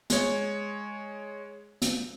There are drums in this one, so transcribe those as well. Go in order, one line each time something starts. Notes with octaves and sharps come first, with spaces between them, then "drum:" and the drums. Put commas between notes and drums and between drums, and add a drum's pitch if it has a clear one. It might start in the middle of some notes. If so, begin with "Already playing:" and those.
G#3 C#5, drum: hi-hat
drum: hi-hat